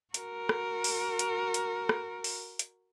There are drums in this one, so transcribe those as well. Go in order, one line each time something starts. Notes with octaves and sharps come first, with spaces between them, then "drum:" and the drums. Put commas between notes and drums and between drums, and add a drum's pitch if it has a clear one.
F#4 A#4, drum: hi-hat
drum: rim click
drum: open hi-hat
drum: hi-hat
drum: hi-hat
drum: rim click
drum: open hi-hat
drum: hi-hat